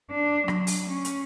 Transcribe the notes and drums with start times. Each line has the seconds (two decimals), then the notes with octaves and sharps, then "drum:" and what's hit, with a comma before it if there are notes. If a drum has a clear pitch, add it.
0.11 D4
0.48 F#3, drum: rim click
0.67 drum: open hi-hat
0.90 C#4
1.05 drum: hi-hat